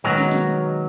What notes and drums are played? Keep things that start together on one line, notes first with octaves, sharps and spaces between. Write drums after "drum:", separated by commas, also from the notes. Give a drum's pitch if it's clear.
B2 D#3 F#3 G#3 B3 F#4
drum: snare
drum: snare